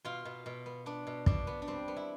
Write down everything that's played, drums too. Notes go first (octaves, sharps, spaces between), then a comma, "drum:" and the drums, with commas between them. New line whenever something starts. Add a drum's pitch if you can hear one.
B2 F4
B2
B2
B3
B3 D4
B2
B2 D4, drum: kick
B3
D4
G3 C4
B3
E4